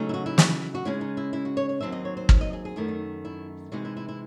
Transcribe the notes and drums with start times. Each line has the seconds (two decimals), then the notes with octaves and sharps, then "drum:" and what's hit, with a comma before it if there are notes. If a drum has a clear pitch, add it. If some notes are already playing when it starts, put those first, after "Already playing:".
Already playing: C#3 F#3 A3 D#4
0.09 E4
0.14 F#4
0.26 E4
0.38 drum: snare
0.75 F#4
0.85 C#3 G#3 C#4 E4
1.01 D#4
1.17 E4
1.33 E4
1.45 F#4
1.57 C#5
1.69 C#5
1.80 D#2 D#3 F#3 C4 D#4 E5
1.92 D#5
2.05 C#5
2.17 C5
2.29 drum: kick
2.41 D#5
2.53 G#4
2.65 G#4
2.76 F#2 D#3 A3 E4
2.88 D#4
3.25 E4
3.72 C3 E3 G#3 D#4 F#4
3.85 E4
3.97 E4
4.08 E4